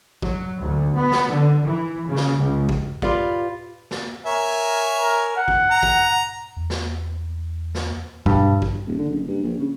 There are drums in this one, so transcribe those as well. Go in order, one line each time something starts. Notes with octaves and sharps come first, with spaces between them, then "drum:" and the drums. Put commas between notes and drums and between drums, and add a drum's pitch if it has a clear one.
F#3, drum: kick
D2
B3
drum: snare
D3
E3
C#3
drum: snare
C#2
drum: kick
F4 G4 B4 D5 F5, drum: kick
drum: snare
A#4 C#5 E5 G#5
A#4
F#5
drum: kick
A#5
drum: kick
E2
drum: snare
drum: snare
G2 B2, drum: kick
drum: kick
D#1
D3
F#1
G2
A#1
C#3